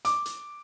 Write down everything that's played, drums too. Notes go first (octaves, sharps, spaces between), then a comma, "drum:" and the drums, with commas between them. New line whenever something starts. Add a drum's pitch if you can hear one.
D6, drum: hi-hat
drum: hi-hat